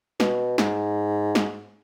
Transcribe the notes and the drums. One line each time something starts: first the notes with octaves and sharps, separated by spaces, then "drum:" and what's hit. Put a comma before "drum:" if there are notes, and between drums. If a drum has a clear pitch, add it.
B2, drum: snare
G#2, drum: snare
drum: snare